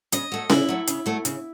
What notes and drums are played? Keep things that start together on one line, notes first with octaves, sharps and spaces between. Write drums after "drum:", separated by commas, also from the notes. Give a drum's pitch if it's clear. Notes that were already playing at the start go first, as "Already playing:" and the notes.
C#3 D#5, drum: hi-hat
F#3 A3
C#3 E4, drum: snare C#4
F#3 A3
C#3, drum: hi-hat
F#3 A3
C#3, drum: hi-hat